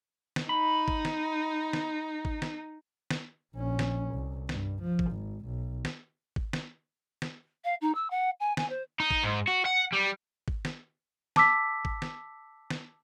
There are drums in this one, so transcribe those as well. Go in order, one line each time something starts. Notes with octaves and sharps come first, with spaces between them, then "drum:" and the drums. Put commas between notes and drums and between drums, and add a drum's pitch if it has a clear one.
drum: snare
D#4 B5
drum: kick
drum: snare
drum: snare
drum: kick
drum: snare
drum: snare
A#1 C#4
drum: snare
C2
G2, drum: snare
F3
drum: kick
G#1
B1
drum: snare
drum: kick
drum: snare
drum: snare
F5
D#4
E6
F#5
G#5
G#5, drum: snare
C5
D#4
drum: kick
G#2
F#4
F#5
G3
drum: kick
drum: snare
A5 D6 E6 B6, drum: snare
drum: kick
drum: snare
drum: snare